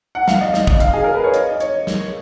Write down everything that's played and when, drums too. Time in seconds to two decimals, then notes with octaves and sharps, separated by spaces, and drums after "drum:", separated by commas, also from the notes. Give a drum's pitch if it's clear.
0.15 F#5
0.28 F5, drum: snare
0.41 D#5
0.54 D#5, drum: snare
0.67 D#5, drum: kick
0.80 F5, drum: hi-hat
0.93 G#4
1.04 A#4
1.14 B4
1.24 C#5
1.34 D#5, drum: hi-hat
1.49 D#5
1.60 C#5, drum: hi-hat
1.87 drum: snare